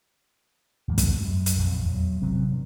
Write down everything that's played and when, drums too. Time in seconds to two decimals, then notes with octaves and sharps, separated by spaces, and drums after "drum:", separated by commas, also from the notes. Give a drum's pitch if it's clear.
0.88 D#2 G#2 F3 G3
0.98 drum: kick, hi-hat
1.22 F#2
1.46 drum: hi-hat
1.58 A#1 F2
1.85 E2 F#3
2.22 A1 C3 F#3 C4
2.49 G2